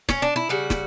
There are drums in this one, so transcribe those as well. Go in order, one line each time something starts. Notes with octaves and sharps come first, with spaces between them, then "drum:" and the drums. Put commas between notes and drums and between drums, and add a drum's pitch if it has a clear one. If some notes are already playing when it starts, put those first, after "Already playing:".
C#4, drum: snare
D4
E4
C#3 G3 F#4
drum: snare